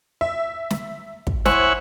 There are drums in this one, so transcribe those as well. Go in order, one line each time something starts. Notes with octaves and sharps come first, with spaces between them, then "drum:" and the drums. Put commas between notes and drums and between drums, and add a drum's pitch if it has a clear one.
E5
drum: snare
drum: kick
E4 C5 C#5 F#5 G#5, drum: snare